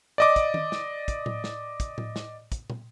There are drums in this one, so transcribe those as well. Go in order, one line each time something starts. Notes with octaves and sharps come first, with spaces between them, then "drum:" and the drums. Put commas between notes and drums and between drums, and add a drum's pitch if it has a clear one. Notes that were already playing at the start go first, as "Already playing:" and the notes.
D5 D#5 D6
drum: kick, hi-hat
drum: tom D#3
drum: snare
drum: kick, hi-hat
drum: tom A2
drum: snare
drum: kick, hi-hat
drum: tom A2
drum: snare
drum: kick, hi-hat
drum: tom